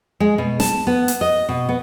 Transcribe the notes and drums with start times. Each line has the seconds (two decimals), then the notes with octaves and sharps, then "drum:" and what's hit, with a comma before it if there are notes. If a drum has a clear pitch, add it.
0.20 G#3
0.38 B2
0.60 A5, drum: snare
0.87 B3
1.08 drum: hi-hat
1.21 D#5
1.49 B2
1.69 B3